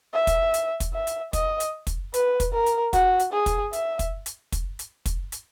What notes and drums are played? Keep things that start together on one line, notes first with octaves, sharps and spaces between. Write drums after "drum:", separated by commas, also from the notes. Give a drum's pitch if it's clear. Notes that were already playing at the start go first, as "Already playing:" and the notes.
E5
drum: kick, hi-hat
drum: hi-hat
drum: kick, hi-hat
E5
drum: hi-hat
D#5, drum: kick, hi-hat
drum: hi-hat
drum: kick, hi-hat
B4, drum: hi-hat
drum: kick, hi-hat
A#4
drum: hi-hat
F#4, drum: kick, hi-hat
drum: hi-hat
G#4
drum: kick, hi-hat
E5, drum: hi-hat
drum: kick, hi-hat
drum: hi-hat
drum: kick, hi-hat
drum: hi-hat
drum: kick, hi-hat
drum: hi-hat